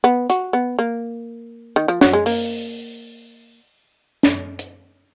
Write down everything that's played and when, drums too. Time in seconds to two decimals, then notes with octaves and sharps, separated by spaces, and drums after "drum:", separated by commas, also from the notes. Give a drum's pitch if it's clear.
0.04 B3
0.30 F#4, drum: hi-hat
0.53 B3
0.79 A#3
1.76 D#3
1.88 F3
2.01 F#3, drum: snare
2.13 G#3
2.26 A#3, drum: open hi-hat
4.23 drum: snare
4.59 drum: hi-hat